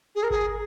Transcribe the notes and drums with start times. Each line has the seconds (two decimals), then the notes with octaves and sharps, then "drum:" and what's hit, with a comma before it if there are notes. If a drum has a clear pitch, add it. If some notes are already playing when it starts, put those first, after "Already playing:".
0.15 G#4
0.23 A#4
0.31 G#4, drum: kick G1